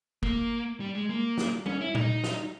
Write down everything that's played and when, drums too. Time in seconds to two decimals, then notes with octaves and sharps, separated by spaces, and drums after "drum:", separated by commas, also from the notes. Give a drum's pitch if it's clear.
0.23 A#3, drum: kick
0.80 G3
0.95 G#3
1.09 A#3
1.38 drum: snare
1.66 C#4, drum: tom G3
1.81 E4
1.95 D#4, drum: tom A#2
2.24 drum: snare